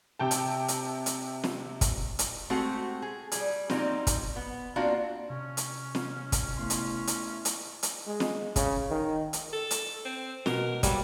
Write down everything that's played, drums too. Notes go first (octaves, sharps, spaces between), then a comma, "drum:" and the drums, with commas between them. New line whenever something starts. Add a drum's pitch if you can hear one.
C3 G5 A5
drum: hi-hat
drum: hi-hat
drum: hi-hat
drum: snare
drum: kick, hi-hat
drum: hi-hat
G#3 A3 C4 F#4 G4
G#4
G3 G#4, drum: hi-hat
F#3 G3 A#3 C4 D#4 F4, drum: snare
drum: kick, hi-hat
B3
A#3 C4 D4 F4 F#4
C3 C#4
drum: hi-hat
drum: snare
drum: kick, hi-hat
A3 B3 E4 C6
drum: hi-hat
drum: hi-hat
drum: hi-hat
drum: hi-hat
G#3
drum: snare
C#3, drum: kick, hi-hat
D#3
drum: hi-hat
A4
drum: hi-hat
C4
B2 A#4, drum: snare
F#3 G3 A#3, drum: kick, hi-hat